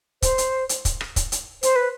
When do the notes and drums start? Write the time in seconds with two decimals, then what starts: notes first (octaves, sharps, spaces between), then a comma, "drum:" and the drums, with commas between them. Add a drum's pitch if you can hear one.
0.22 C5, drum: kick, hi-hat
0.38 drum: hi-hat
0.69 drum: hi-hat
0.85 drum: kick, hi-hat
1.01 drum: rim click
1.16 drum: kick, hi-hat
1.32 drum: hi-hat
1.63 C5, drum: hi-hat
1.76 B4